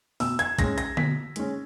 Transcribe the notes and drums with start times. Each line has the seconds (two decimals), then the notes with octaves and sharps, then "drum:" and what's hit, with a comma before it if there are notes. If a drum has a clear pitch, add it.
0.20 B2 E6, drum: open hi-hat
0.39 G#6, drum: hi-hat
0.59 G#3 C#4 A#6, drum: kick, hi-hat
0.78 A#6, drum: hi-hat
0.97 B2 B6, drum: tom D3
1.36 G#3 C#4, drum: hi-hat